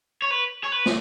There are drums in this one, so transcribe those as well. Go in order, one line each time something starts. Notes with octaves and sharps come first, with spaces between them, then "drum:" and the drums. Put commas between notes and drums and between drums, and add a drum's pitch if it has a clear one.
C#5
B4
C#5
B4
drum: snare